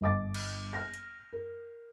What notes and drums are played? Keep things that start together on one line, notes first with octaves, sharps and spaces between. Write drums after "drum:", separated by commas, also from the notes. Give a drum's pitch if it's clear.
G1 D#5 D6 A6
drum: cymbal
F6 A#6
drum: hi-hat
A#4